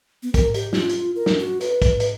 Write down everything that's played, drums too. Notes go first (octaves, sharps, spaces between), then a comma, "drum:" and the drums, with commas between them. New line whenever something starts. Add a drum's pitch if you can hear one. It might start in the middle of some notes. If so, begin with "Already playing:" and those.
B3
A#4, drum: kick, hi-hat
G4, drum: hi-hat
F4, drum: snare
drum: hi-hat
A#4
drum: snare
F#4
B4, drum: hi-hat
drum: kick, hi-hat
drum: hi-hat